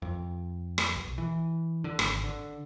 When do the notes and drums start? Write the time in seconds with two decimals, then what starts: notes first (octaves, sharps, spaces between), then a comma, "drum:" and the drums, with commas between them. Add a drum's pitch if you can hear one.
0.02 F2
0.78 drum: rim click
0.96 B1
1.18 E3
1.84 D3
1.99 G#1, drum: rim click
2.24 D3